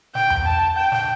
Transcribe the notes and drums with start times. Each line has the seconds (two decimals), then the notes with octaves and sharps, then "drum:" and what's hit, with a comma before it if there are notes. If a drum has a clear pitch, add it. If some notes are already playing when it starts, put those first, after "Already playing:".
0.15 G5, drum: snare
0.30 drum: tom E2
0.45 A5
0.76 G5
0.92 drum: snare